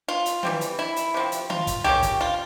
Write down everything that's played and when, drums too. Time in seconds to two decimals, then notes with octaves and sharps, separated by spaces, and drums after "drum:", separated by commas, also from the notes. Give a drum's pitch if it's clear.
0.08 F4
0.26 drum: hi-hat
0.43 E3 G3 C4, drum: tom D#3
0.61 drum: hi-hat
0.79 E4
0.97 drum: hi-hat
1.14 C3 F3 C4
1.32 drum: hi-hat
1.50 F4, drum: tom D#3
1.67 drum: kick, hi-hat
1.84 C#3 F3 A#3 C#4 G4, drum: tom B1
2.03 drum: kick, hi-hat
2.21 F4